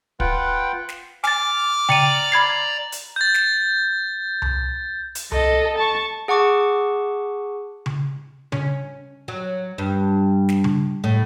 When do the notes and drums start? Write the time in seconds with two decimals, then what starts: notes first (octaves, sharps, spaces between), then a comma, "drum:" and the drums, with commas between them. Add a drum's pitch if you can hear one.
0.20 F4 B4 F#5 G5, drum: kick
0.89 drum: snare
1.24 G#5 D6 F6 A6, drum: snare
1.89 D5 G5 A#5 C#7 D#7, drum: tom C#3
2.32 B5 G#6 C7
2.92 drum: hi-hat
3.16 G6 A6
3.34 drum: snare
4.42 drum: tom C2
5.15 drum: hi-hat
5.32 A4 D#5, drum: tom C2
5.78 A5 C#6
6.28 G#4 F#5 A5 C#6 D6
7.86 drum: tom C#3
8.52 C#4, drum: tom C#3
9.28 F#3
9.78 G2
10.49 drum: snare
10.64 drum: tom C#3
11.04 A2